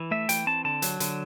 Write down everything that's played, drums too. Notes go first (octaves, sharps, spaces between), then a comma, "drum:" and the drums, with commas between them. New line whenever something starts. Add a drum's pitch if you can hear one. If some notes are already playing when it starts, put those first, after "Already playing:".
Already playing: E3
A3 E5
E3 G5, drum: hi-hat
C4 A5
D3 A5
F#3, drum: hi-hat
D3, drum: hi-hat